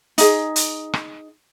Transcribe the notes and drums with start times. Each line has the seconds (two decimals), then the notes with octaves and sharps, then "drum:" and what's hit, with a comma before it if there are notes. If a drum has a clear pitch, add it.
0.18 D#4 G#4, drum: hi-hat
0.56 drum: hi-hat
0.94 drum: rim click